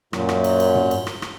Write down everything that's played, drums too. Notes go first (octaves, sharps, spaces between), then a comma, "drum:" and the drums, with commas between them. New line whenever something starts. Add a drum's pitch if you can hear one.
F#2 A#2, drum: rim click
drum: rim click
drum: cymbal
drum: cymbal
drum: tom
drum: cymbal
drum: rim click
drum: rim click